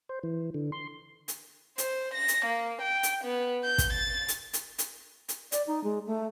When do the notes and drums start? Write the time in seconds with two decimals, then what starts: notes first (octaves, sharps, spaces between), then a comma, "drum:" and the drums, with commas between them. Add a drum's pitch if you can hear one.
0.09 C5
0.23 E3
0.54 D3
0.72 C6
1.28 drum: hi-hat
1.78 C5, drum: hi-hat
2.14 A#6
2.28 drum: hi-hat
2.46 A#3
2.82 G5
3.03 drum: hi-hat
3.24 B3
3.64 G6
3.78 drum: kick, hi-hat
3.93 A6
4.28 drum: hi-hat
4.53 drum: hi-hat
4.78 drum: hi-hat
5.29 drum: hi-hat
5.52 D5, drum: hi-hat
5.67 D#4
5.84 G#3
6.07 A3